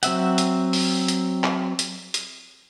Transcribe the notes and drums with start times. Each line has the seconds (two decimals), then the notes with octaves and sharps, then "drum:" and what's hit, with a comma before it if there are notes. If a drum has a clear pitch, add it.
0.03 F#3 C4 E5 F#5, drum: hi-hat
0.38 drum: hi-hat
0.73 drum: open hi-hat
1.08 drum: hi-hat
1.44 drum: clap
1.79 drum: hi-hat
2.14 drum: hi-hat